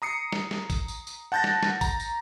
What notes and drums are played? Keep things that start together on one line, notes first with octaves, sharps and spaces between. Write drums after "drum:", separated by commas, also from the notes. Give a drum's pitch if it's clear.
A#5 D#6 C7 C#7
drum: snare
drum: snare
drum: kick A1, tambourine
drum: tambourine
drum: tambourine
F#5 A5 G6 A6 A#6
drum: snare
drum: snare
A#5, drum: kick A1, tambourine
drum: tambourine